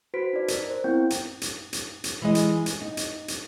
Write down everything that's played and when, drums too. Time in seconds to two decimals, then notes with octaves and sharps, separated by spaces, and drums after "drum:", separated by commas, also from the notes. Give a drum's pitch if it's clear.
0.14 F#4 B4 C5 B6 D7
0.33 D#4 D5
0.48 A#4, drum: hi-hat
0.70 C5
0.84 B3 C4 E4 G5 G6
1.10 drum: hi-hat
1.42 drum: hi-hat
1.73 drum: hi-hat
2.04 drum: hi-hat
2.22 E3 G#3 D#5
2.35 drum: hi-hat
2.66 drum: hi-hat
2.82 D#4
2.97 drum: hi-hat
3.28 drum: hi-hat